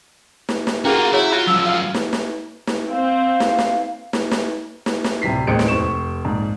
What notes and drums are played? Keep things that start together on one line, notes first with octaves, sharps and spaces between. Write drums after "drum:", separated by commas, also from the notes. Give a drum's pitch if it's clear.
drum: snare
drum: snare
A#3 C#4 F4 F#4 G#4
F#3 E4 G#4 C#5
F4 F#4 A#5
G2 F3 F#3 E6
F5
drum: snare
drum: snare
drum: snare
C4 F5
drum: snare
drum: snare
drum: snare
drum: snare
drum: snare
drum: snare
D1 C3 G3 B6 C7
A1 D#2 G#3 C5 C#7 D7
drum: snare
F1 C5 C#6 E7
A#1 G#2